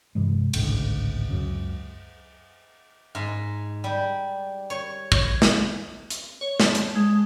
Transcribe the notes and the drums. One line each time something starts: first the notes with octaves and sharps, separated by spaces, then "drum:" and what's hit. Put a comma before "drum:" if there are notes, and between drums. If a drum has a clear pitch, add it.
G2 C3 E3 G#3
G#1 C#2 A2 D3, drum: cymbal
C#2 F#2 C#3
G#2
G3
C#5
C#5, drum: kick
drum: snare
drum: hi-hat
C#5
A5, drum: snare
drum: hi-hat
G#3